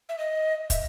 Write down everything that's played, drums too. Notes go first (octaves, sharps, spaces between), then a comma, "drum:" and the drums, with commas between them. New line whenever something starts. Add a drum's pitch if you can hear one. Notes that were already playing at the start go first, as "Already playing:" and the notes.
E5
D#5
E5, drum: kick, hi-hat